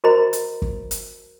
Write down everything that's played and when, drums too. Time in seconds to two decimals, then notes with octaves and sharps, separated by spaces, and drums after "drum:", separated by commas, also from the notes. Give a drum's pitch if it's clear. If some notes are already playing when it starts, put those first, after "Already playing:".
0.04 F#4 A#4 C5 D#5 A#5 B5
0.33 drum: hi-hat
0.62 drum: kick
0.91 drum: hi-hat